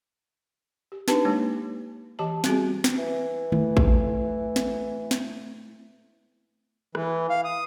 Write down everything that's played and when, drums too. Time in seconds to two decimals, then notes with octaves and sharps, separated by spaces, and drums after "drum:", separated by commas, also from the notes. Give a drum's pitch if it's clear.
0.92 G4
1.08 D4 D#4 G4 B4 A5, drum: snare
1.25 G#3 A#3 F4 C#5
2.19 E3 G4 D#5 A5
2.44 G3 B3 C4 F#4 G#4, drum: snare
2.84 drum: snare
2.98 E3
3.52 A3 E4, drum: tom D3
3.77 drum: kick A1
4.56 drum: snare
5.11 drum: snare
6.95 E3, drum: rim click
7.30 F5
7.45 D#6